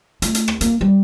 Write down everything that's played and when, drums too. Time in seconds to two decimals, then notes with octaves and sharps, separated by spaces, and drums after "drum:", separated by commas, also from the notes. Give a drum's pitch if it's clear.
0.22 A3, drum: hi-hat
0.35 drum: hi-hat
0.48 drum: rim click
0.61 A#3, drum: hi-hat
0.81 G3